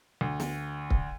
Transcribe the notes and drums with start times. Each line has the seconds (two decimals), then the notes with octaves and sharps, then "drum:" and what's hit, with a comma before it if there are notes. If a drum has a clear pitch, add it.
0.21 D2
0.40 drum: snare
0.90 drum: kick C#1